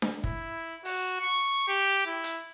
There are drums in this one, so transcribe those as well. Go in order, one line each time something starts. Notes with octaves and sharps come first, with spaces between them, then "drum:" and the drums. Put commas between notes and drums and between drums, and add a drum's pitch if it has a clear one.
drum: snare D4
E4, drum: kick
F#4, drum: open hi-hat
C#6
G4
E4
drum: hi-hat